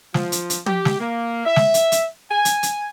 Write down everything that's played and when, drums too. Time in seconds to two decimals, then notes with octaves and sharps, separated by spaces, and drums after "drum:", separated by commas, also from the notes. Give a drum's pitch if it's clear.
0.14 F3, drum: snare
0.32 drum: hi-hat
0.50 drum: hi-hat
0.66 G4, drum: tom
0.85 drum: snare
1.00 A#3
1.46 E5
1.56 drum: snare
1.74 drum: hi-hat
1.92 drum: hi-hat
2.31 G#5
2.45 drum: hi-hat
2.63 drum: hi-hat